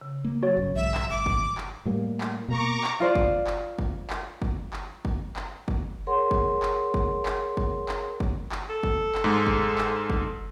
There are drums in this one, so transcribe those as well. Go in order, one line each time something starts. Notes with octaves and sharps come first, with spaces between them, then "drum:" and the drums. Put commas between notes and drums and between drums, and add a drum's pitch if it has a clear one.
C#3
A#3
F#3 F#4 C#5 A6
G1 C#3
B1 G#2 E3 E5
drum: clap
G#1 D6
drum: kick
drum: clap
A2 G3 A#3
drum: clap
B2 A#3 A#5 C#6 D6
drum: clap
F4 C5 D5
drum: kick
drum: clap
drum: kick
drum: clap
drum: kick
drum: clap
drum: kick
drum: clap
drum: kick
G#4 A#4 C#5 F#5 C6
drum: kick
drum: clap
drum: kick
drum: clap
drum: kick
drum: clap
drum: kick
drum: clap
A4
drum: kick
drum: clap
G#2 G#3
drum: kick
drum: clap
drum: kick